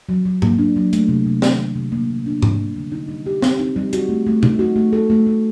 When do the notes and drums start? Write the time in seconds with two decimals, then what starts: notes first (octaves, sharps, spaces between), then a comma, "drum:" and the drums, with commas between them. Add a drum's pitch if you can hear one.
0.09 F#3
0.25 F#3
0.42 A#3, drum: tom G#2
0.58 D4
0.76 F#3
0.93 A3, drum: hi-hat
1.08 C3
1.26 C3
1.42 D#3, drum: snare
1.59 A3
1.75 C3
1.92 A#3
2.09 D3
2.26 D4
2.42 G3, drum: tom G#2
2.60 A#3
2.76 D3
2.92 D#4
3.09 G3
3.26 G4
3.42 C4, drum: snare
3.59 D#4
3.76 G3
3.93 F#4, drum: hi-hat
4.09 A3
4.27 A3
4.43 D#4, drum: tom B2
4.59 F#4
4.76 A3
4.93 A4
5.10 A3
5.26 A3